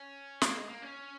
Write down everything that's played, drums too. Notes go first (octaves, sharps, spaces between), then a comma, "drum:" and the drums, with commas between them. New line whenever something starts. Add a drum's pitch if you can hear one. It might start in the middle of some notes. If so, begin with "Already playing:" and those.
Already playing: C#4
A#3, drum: snare
G#3
A#3
C#4